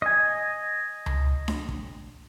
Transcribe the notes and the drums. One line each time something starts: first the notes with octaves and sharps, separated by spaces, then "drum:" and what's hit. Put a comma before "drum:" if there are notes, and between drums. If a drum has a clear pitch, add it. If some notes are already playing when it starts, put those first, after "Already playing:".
D#5 G#5
drum: tom C#2
drum: snare D4
drum: kick